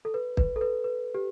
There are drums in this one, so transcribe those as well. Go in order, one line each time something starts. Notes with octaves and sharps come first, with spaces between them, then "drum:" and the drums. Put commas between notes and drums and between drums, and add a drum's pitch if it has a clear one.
A4
B4
B4, drum: kick
A4
B4
B4
G4